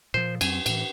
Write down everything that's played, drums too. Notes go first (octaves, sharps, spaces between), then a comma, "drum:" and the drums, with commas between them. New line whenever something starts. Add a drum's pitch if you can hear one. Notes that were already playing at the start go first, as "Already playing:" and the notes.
A#2 F3 C5
F2 F#3 C4 G#5, drum: cymbal
A2 E3, drum: cymbal